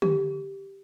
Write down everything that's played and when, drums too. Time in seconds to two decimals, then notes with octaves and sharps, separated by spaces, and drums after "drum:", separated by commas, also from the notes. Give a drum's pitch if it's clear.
0.02 G4, drum: tom D3